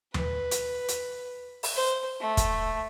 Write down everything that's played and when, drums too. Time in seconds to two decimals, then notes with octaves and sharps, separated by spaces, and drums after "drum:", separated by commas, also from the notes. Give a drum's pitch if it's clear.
0.14 B4, drum: tom D#2
0.51 drum: hi-hat
0.89 drum: hi-hat
1.63 drum: open hi-hat
1.75 C5
2.20 A3
2.37 drum: kick, hi-hat